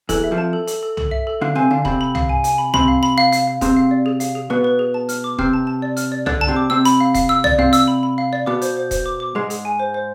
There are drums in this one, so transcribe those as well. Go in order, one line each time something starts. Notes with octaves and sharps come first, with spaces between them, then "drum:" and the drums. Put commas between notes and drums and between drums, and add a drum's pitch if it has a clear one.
E2 E3 A4, drum: kick D#1, hi-hat
E5
F2 F3
A5
A4
A4, drum: hi-hat
A4
A4, drum: tom C2
E5
A4
D3 D4 F5
C3 C4 G#5
D3 D4 F5
C3 C4 B5, drum: kick D#1
B5
F5, drum: tom C2
G#5
G#5, drum: hi-hat
B5
C3 C4 B5, drum: tom C2
F5
B5
F5
F5, drum: hi-hat
F5
C3 C4 G#4, drum: kick D#1, hi-hat
F5
D5
G#4
F5, drum: hi-hat
G#4
B2 B3 B4
B4
G#4
A5
F6, drum: hi-hat
D6
C3 C4 F6, drum: kick D#1
A5
A5
D5
F6, drum: hi-hat
D5
D3 D4 D5, drum: tom C2
A5
C3 C4
D6
C3 C4 E6
B5, drum: hi-hat
F5
F5, drum: kick D#1, hi-hat
E6
D5, drum: tom C2
C3 C4 F5
E6, drum: hi-hat
B5
B5
F5
D5
B2 B3 D6
C5, drum: hi-hat
C5
C5, drum: kick D#1, hi-hat
D6
D6
G#2 G#3 G#4
G#4, drum: hi-hat
G#5
C5
C5